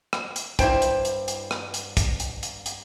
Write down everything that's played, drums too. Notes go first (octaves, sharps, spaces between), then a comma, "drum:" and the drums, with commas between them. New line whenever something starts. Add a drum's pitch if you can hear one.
drum: rim click
drum: hi-hat
G2 E4 C5 G5, drum: kick, hi-hat
drum: hi-hat
drum: hi-hat
drum: hi-hat
drum: rim click
drum: hi-hat
drum: kick, hi-hat
drum: hi-hat
drum: hi-hat
drum: hi-hat